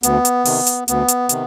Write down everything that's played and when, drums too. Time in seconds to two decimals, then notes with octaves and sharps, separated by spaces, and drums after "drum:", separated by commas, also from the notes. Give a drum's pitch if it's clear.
0.03 D2 B3, drum: hi-hat
0.25 drum: hi-hat
0.45 C3 D#3, drum: open hi-hat
0.67 drum: hi-hat
0.88 D2 B3, drum: hi-hat
1.08 drum: hi-hat
1.29 C3 D#3, drum: hi-hat